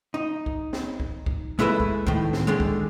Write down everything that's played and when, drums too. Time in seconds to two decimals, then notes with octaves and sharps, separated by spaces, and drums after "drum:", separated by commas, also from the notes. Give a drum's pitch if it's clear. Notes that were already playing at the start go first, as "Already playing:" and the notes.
0.14 D#4
0.46 drum: kick C2
0.73 drum: snare
1.00 drum: kick C2
1.26 drum: kick C2
1.59 G#3 A3 E4 B4 E5
1.80 drum: kick C2
2.07 A2 D#3, drum: kick C2
2.33 drum: snare
2.47 D3 D#3 G#3
2.60 drum: kick C2